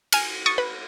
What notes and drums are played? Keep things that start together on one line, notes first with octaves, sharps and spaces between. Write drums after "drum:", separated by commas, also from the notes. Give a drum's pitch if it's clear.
G#5 F6, drum: cymbal
C#6 D#6 A6 C#7
B4